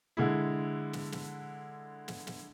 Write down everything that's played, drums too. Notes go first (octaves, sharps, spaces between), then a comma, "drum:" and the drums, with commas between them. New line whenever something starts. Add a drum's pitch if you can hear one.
D3 G#3 E4
drum: snare
drum: snare
drum: snare
drum: snare